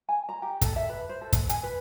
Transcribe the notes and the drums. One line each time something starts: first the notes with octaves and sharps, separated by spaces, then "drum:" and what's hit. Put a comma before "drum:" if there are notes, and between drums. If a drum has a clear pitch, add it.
G#5
A#5
G4
A4, drum: kick, hi-hat
E5
B4
C5
A4
drum: kick, hi-hat
G#5, drum: hi-hat
B4